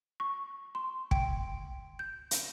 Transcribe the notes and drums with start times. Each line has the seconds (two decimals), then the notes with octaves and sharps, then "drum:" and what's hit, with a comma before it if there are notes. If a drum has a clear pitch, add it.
0.20 C#6
0.75 C6
1.11 G5, drum: kick
1.99 G6
2.31 drum: hi-hat